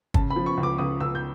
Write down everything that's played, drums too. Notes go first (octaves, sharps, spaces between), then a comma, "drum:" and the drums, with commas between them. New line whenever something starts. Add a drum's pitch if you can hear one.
C#3 A5, drum: kick G1
B5
F3
C#6
C#2
D6
C#2 D#6
C#2 E6
G6